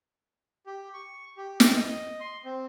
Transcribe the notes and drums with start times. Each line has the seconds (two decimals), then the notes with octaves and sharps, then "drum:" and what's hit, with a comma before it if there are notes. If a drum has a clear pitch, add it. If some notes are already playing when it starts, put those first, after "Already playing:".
0.67 G4
0.94 C#6
1.37 G4
1.60 G5, drum: snare
1.75 D#5
2.20 C6
2.45 C4